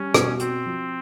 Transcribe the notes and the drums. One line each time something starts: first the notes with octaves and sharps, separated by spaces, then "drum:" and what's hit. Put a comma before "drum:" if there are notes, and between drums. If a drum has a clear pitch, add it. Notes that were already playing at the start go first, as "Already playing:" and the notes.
Already playing: G3 C#4
B2, drum: rim click
C4 F#4, drum: hi-hat
F3